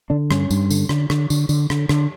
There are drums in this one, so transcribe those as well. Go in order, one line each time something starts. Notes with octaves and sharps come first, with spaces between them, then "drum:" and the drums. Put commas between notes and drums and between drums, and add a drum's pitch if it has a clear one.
D3 D4
G2 C#4, drum: rim click
G2, drum: tambourine
D3, drum: tambourine
D3, drum: rim click
D3, drum: rim click
D3, drum: tambourine
D3, drum: tambourine
D3, drum: rim click
D3, drum: rim click